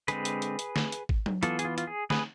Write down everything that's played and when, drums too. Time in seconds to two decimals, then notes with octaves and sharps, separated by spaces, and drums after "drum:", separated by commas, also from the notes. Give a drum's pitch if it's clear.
0.08 D3 G#3 C4 G#4 B4, drum: hi-hat
0.25 drum: hi-hat
0.42 drum: hi-hat
0.59 drum: hi-hat
0.76 drum: snare
0.92 drum: hi-hat
1.09 drum: kick
1.26 drum: tom F#3
1.43 E3 B3 F4 A4, drum: hi-hat
1.59 G#4, drum: hi-hat
1.65 F4
1.78 F4, drum: hi-hat
1.87 G#4
2.10 G#4 B4, drum: snare